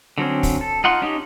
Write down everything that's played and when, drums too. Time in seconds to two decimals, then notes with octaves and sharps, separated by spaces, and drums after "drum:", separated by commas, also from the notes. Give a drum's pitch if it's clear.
0.18 D3 F#3 C4 C#4
0.43 drum: kick, open hi-hat
0.61 A4
0.84 D#4 F4 F#5 C6
1.02 C#4 D#4 G4